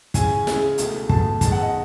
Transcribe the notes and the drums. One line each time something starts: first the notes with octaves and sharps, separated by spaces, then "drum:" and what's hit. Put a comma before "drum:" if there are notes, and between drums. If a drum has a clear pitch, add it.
C#3 G#3 C#4 E4 G#5, drum: kick, hi-hat
C#3 G#3 C#4 E4, drum: snare
C#2 B2 A3, drum: hi-hat
C#2 B2 A3 A5, drum: kick
E2 D#3 G#3 B3 D#4 A5, drum: kick, hi-hat
F#5
D#5